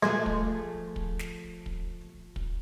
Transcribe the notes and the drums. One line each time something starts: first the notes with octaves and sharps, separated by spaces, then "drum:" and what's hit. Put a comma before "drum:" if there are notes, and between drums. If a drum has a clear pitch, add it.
F3 G#3 A3 G#4
drum: kick
drum: kick
drum: snare
drum: kick
drum: kick